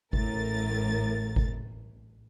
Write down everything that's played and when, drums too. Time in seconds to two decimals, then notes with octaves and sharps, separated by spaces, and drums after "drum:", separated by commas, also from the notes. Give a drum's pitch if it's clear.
0.13 A1 A2 A#4 A6, drum: kick G1
1.36 drum: kick G1